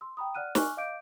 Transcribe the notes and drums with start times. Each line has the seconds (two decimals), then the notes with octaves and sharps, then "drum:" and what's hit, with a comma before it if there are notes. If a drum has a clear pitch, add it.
0.01 C6 E6
0.17 G5 A#5 B5 D#6
0.35 D5 F#5 F6 F#6 D#7
0.55 G#5 C#6 D6 F6 F#6, drum: snare
0.77 D#5 F5 D6 G6 D7